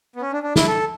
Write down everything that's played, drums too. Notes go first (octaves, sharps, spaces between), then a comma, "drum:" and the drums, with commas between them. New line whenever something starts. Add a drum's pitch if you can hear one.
B3
C#4
D4
D4
E4, drum: snare
A4